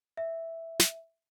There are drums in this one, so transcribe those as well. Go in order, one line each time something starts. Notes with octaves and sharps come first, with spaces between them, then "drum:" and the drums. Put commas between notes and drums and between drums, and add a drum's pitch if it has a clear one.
E5
drum: snare